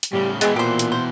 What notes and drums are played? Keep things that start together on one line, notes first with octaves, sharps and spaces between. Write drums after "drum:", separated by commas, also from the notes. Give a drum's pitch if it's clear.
drum: hi-hat
A2 C#3 G3
B2 E3 G#3 B3 C4 G#4, drum: hi-hat
A#2 G4 C5
drum: hi-hat
C5